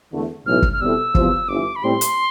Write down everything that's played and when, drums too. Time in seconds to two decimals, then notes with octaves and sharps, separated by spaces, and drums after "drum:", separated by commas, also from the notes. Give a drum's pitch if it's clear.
0.12 E2 D3 A3
0.46 B1 A2 E3 F6
0.62 drum: kick
0.73 F6
0.81 B2 G3 C4 E4 A4 E6
1.15 E2 C3 F3, drum: kick
1.48 G1 F2 E3 D6
1.76 B5
1.83 A2 G3 C4 C6
2.01 drum: hi-hat